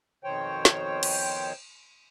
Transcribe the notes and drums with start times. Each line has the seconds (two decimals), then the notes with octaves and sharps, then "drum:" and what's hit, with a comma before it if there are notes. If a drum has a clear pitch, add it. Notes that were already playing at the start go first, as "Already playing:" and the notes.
0.24 F2 B2 D#3 C5 C#5 G5
0.65 drum: snare
1.03 drum: cymbal